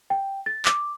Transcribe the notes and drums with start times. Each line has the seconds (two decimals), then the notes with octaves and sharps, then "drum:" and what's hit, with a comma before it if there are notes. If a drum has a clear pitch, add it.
0.10 G5
0.46 A6
0.65 D6, drum: clap